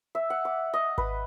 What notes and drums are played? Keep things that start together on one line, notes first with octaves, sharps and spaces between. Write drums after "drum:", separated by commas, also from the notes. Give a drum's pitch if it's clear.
E5
F#5
D6
D#5
B4, drum: kick G#1